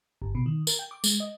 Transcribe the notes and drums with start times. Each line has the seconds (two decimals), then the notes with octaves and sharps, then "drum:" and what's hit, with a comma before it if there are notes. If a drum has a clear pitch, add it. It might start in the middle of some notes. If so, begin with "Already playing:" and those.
0.22 G1
0.35 B2
0.46 D#3
0.67 A#4, drum: tambourine
0.79 G5
0.91 D6
1.04 G#3, drum: tambourine
1.20 D#5